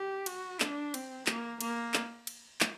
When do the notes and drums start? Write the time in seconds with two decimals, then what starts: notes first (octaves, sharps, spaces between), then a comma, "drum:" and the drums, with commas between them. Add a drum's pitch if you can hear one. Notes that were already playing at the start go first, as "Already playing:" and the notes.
Already playing: G4
0.26 F#4, drum: cymbal
0.60 D4, drum: clap
0.94 C4, drum: cymbal
1.27 A#3, drum: clap
1.61 A#3, drum: cymbal
1.94 drum: clap
2.27 drum: cymbal
2.61 drum: clap